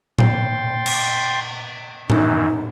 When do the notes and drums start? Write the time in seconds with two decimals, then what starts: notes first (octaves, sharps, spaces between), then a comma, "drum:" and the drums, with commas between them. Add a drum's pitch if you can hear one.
0.19 G5 C6 A6, drum: tom A2
0.86 drum: cymbal
2.10 F#2 D#3 E3 D#4, drum: tom A2